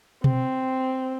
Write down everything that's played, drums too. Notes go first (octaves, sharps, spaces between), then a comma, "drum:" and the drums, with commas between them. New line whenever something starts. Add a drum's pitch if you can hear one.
C4, drum: tom B2